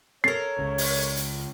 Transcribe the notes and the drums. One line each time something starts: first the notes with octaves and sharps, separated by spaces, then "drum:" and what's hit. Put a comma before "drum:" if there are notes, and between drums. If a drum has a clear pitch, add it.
A4 A#4 C#5 C7
C#2 C#3
drum: open hi-hat
drum: hi-hat